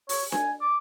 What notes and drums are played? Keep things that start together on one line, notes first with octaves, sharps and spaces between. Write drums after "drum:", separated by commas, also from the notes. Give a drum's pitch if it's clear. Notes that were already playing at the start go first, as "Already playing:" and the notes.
C#5, drum: open hi-hat
G#5, drum: snare D4
D6